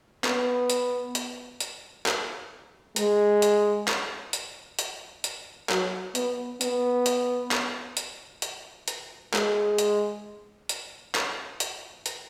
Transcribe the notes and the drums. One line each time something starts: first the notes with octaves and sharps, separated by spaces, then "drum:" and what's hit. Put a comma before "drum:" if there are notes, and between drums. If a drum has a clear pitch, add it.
B3, drum: clap
drum: hi-hat
drum: hi-hat
drum: hi-hat
drum: clap
G#3, drum: hi-hat
drum: hi-hat
drum: clap
drum: hi-hat
drum: hi-hat
drum: hi-hat
F#3, drum: clap
B3, drum: hi-hat
B3, drum: hi-hat
drum: hi-hat
drum: clap
drum: hi-hat
drum: hi-hat
drum: hi-hat
G#3, drum: clap
drum: hi-hat
drum: hi-hat
drum: clap
drum: hi-hat
drum: hi-hat